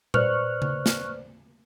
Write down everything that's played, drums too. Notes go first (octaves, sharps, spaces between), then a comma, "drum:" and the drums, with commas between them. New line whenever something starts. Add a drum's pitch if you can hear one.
B4 C5 D5 C#6 F6 F#6, drum: tom A#2
drum: tom C#3
drum: snare